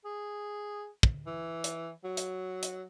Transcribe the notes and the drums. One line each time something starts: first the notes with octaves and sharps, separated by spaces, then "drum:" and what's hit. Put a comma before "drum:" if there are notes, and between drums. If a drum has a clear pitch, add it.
G#4
drum: kick
E3
drum: hi-hat
F#3
drum: hi-hat
drum: hi-hat